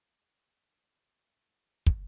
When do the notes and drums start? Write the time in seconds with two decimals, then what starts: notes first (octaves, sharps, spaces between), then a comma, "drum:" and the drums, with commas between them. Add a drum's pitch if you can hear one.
0.21 D#6 F#6
1.86 drum: kick